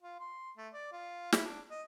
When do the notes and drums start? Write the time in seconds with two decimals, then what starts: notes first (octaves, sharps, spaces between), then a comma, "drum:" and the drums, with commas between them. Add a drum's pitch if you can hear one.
0.03 F4
0.20 C6
0.57 A3
0.73 D5
0.92 F4
1.32 E4, drum: snare
1.45 D4
1.70 D#5